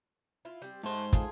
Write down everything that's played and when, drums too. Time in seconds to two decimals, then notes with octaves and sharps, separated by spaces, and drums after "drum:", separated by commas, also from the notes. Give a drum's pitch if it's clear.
0.45 E4 F4
0.62 G3 C4
0.83 G#2 A3 C5
1.13 A3 F4 G#4, drum: kick, hi-hat